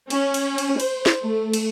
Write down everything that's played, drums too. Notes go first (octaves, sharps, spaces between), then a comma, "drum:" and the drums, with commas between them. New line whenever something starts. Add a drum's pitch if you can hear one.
C#4, drum: cymbal
drum: cymbal
drum: cymbal
C5, drum: cymbal
drum: snare
A3
drum: cymbal